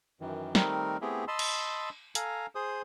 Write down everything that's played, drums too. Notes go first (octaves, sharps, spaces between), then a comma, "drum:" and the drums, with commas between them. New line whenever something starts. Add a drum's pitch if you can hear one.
F#2 D#3 E3
D#3 G3 A3 C4 D#4 A#4, drum: snare
A3 B3 C4 E4 G4 G#4
D#5 A5 B5 C6 E6
drum: cymbal
A4 F5 G#5 A#5, drum: hi-hat
G#4 C5 D#6